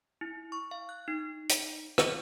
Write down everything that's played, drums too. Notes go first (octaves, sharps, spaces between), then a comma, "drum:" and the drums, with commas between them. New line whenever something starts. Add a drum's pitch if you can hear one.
E4
C#6
F5
F#6
D#4
drum: hi-hat
D#5, drum: rim click